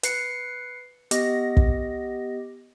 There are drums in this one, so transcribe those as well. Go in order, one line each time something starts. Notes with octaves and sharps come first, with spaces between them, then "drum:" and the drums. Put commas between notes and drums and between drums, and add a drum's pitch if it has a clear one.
B4 C7 C#7, drum: hi-hat
B3 G4 D#5 A#6, drum: hi-hat
drum: kick